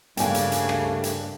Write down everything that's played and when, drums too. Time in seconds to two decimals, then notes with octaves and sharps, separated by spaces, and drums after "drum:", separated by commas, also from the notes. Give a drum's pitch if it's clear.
0.17 G2 C#3 G3 A3 A#3 D4 G5 G#5, drum: hi-hat
0.35 drum: hi-hat
0.52 drum: hi-hat
0.69 drum: rim click
1.03 drum: hi-hat